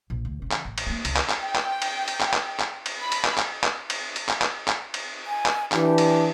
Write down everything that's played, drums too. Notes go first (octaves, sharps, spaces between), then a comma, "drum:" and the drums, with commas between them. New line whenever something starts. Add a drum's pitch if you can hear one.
A#1
D2
C#3 E3
drum: clap
A1
drum: cymbal
A#3 B3
C#2, drum: cymbal
drum: clap
drum: clap
G5
drum: clap
drum: cymbal
drum: cymbal
drum: clap
drum: clap
drum: clap
drum: cymbal
B5
drum: cymbal
drum: clap
drum: clap
drum: clap
drum: cymbal
drum: cymbal
drum: clap
drum: clap
drum: clap
drum: cymbal
G#5
drum: clap
E3 D4 G4, drum: clap
drum: cymbal